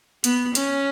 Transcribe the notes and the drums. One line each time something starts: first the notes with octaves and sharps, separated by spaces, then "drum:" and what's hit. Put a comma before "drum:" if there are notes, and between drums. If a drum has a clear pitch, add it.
B3, drum: hi-hat
C#4, drum: hi-hat